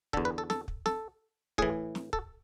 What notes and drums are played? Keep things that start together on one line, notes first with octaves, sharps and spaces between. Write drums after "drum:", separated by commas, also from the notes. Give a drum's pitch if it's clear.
E2 D3 A4, drum: kick
B4
A4
A4, drum: snare
drum: kick
A4, drum: snare
A2 E3 G#4, drum: kick
drum: snare
A4, drum: kick